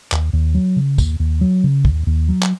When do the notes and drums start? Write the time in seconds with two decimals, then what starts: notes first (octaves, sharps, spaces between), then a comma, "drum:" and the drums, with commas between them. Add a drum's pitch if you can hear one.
0.12 D#2, drum: clap
0.33 D#2
0.55 F#3
0.76 C#3
0.98 D#2, drum: kick, tambourine
1.20 D#2
1.41 F#3
1.64 C#3
1.85 D#2, drum: kick
2.07 D#2
2.28 F#3
2.43 drum: clap